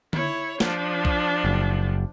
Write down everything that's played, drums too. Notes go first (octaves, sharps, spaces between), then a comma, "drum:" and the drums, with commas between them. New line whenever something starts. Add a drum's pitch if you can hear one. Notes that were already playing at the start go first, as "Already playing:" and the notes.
E4 C#5, drum: tom D3
F3 D4, drum: snare
drum: kick A#1
F#1